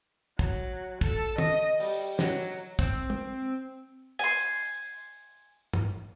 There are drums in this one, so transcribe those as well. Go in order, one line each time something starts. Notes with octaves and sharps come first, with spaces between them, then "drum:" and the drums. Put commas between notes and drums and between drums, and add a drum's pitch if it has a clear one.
F#3, drum: kick
A4, drum: kick
D#5, drum: tom
G3, drum: open hi-hat
F#3, drum: snare
C4, drum: kick
drum: tom
G#5 C6, drum: open hi-hat
drum: tom